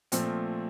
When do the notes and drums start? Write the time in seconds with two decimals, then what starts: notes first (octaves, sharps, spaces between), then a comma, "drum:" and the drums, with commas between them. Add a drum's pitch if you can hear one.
0.12 A#2 F3 A3 C4, drum: hi-hat